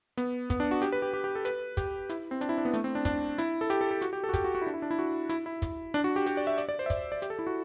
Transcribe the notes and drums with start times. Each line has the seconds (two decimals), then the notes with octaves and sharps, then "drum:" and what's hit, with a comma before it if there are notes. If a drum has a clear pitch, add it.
0.17 B3, drum: hi-hat
0.50 B3, drum: kick, hi-hat
0.60 D4
0.71 F#4
0.82 G4, drum: hi-hat
0.92 B4
1.02 G4
1.13 G4
1.24 G4
1.35 A4
1.45 B4, drum: hi-hat
1.77 G4, drum: kick, hi-hat
2.09 E4, drum: hi-hat
2.31 C4
2.41 D4, drum: hi-hat
2.49 E4
2.58 D4
2.65 B3
2.74 A3, drum: hi-hat
2.84 C4
2.95 D4
3.05 D4, drum: kick, hi-hat
3.38 E4, drum: hi-hat
3.61 A4
3.70 G4, drum: hi-hat
3.81 A4
3.91 A4
4.02 F#4, drum: hi-hat
4.13 G4
4.24 A4
4.29 F#4
4.34 G4, drum: kick, hi-hat
4.44 F#4
4.55 F#4
4.62 E4
4.67 D4
4.74 E4
4.82 D4
4.91 E4
4.99 F#4
5.29 E4, drum: hi-hat
5.46 E4
5.62 drum: kick, hi-hat
5.94 D4, drum: hi-hat
6.04 F#4
6.16 G4
6.26 G4, drum: hi-hat
6.37 D5
6.47 E5
6.58 D5, drum: hi-hat
6.69 D5
6.79 C5
6.86 E5
6.90 D5, drum: kick, hi-hat
7.12 D5
7.22 G4, drum: hi-hat
7.30 A4
7.39 E4
7.47 F#4